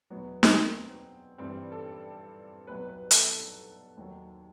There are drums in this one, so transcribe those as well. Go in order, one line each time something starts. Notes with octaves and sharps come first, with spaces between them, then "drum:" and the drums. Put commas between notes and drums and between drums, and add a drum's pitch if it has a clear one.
E2 B2 F#3 B3
C4, drum: snare
G2 E3 G3 C4
A4
C2 B2 F#3 B4
B4
A4, drum: hi-hat
A4
D#2 D#3 F#3